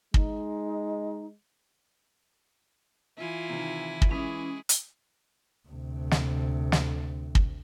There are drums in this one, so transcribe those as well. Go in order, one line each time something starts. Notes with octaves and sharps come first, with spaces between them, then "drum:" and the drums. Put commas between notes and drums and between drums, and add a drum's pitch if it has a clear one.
G#3 D#4, drum: kick
E3 E4 F4 G#5
C3 D#3
drum: kick
E3 G#3 C#4 E4 G#4 B5 B6
drum: hi-hat
D2 C3
drum: snare
drum: snare
drum: kick